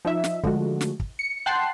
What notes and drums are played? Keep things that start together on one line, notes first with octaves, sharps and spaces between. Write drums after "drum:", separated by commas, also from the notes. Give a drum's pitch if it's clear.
F3 D#4 E5
drum: snare
D3 F3 G#3 A3 F#4, drum: kick
drum: snare
drum: kick
C#7
F#5 G5 A5 C6 F#6 C7